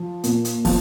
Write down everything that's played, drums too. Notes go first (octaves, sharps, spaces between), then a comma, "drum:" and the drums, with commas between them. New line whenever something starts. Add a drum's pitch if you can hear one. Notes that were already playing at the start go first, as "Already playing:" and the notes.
Already playing: F3
A#2, drum: hi-hat
drum: hi-hat
F3, drum: kick, open hi-hat